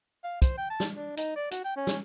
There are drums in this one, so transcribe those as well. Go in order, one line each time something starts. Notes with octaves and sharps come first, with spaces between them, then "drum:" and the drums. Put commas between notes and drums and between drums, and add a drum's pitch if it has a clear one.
F5
C5, drum: kick, hi-hat
G5
A5
drum: snare
D4
D#4, drum: hi-hat
D5
F#4, drum: hi-hat
G5
C#4
drum: snare